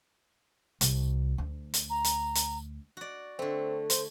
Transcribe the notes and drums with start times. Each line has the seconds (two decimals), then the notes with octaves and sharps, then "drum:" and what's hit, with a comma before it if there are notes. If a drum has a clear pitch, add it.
0.81 C2, drum: hi-hat
1.38 D2
1.74 drum: hi-hat
1.90 A#5
2.04 drum: hi-hat
2.35 drum: hi-hat
2.97 F#4 D5
3.39 D3 A3 C4
3.90 C5, drum: hi-hat